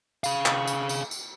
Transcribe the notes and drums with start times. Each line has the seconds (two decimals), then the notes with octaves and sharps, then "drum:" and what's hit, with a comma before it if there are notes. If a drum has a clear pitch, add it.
0.24 G#4 F5, drum: tambourine
0.46 drum: clap
0.67 drum: tambourine
0.89 drum: tambourine
1.11 drum: tambourine